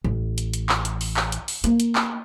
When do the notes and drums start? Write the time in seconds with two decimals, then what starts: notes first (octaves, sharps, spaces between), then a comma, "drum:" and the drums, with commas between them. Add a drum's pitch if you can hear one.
0.04 A1
0.38 drum: hi-hat
0.53 drum: hi-hat
0.69 drum: clap
0.85 drum: hi-hat
1.01 drum: open hi-hat
1.17 drum: clap
1.32 drum: hi-hat
1.48 drum: open hi-hat
1.64 A#3, drum: hi-hat
1.80 drum: hi-hat
1.95 drum: clap